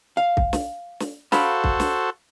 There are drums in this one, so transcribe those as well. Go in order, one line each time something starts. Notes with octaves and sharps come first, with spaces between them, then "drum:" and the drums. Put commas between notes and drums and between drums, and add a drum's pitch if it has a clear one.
F5
drum: kick
drum: snare
drum: snare
F#4 A4 C5 F5 B5, drum: snare
drum: kick
drum: snare